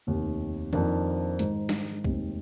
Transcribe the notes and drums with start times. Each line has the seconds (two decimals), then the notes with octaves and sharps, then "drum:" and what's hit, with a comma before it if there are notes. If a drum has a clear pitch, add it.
0.07 F1 D#2 D#3
0.73 F2 D#3 A#3 D4, drum: tom D#3
1.39 G#2 D#3 G#3 D#4, drum: hi-hat
1.69 drum: snare
2.04 F1 D#2 D#3 G#3 C4, drum: kick B1